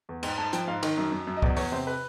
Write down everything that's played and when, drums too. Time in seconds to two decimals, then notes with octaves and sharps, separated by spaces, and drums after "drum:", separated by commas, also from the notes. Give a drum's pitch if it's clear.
0.09 E2
0.23 G#2 G5, drum: cymbal
0.38 G#2 A5
0.53 F3 G5, drum: hi-hat
0.67 G#2 F5
0.83 D#3 D#5, drum: cymbal
0.97 F#2
1.12 F#2
1.27 F#2
1.37 D#5
1.42 E2 D5, drum: kick
1.56 E2 C#5, drum: open hi-hat
1.72 C3 C5
1.87 B4